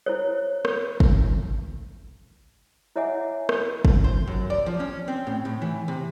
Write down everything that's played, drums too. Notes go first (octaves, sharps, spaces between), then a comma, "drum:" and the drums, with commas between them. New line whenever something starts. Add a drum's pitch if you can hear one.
E4 C5 C#5
drum: rim click
drum: kick
E4 C#5 D#5 E5 F#5 G#5
drum: rim click
drum: kick
C5
F#2
D5
F3
C#4
C4
A2
A2
E3
C3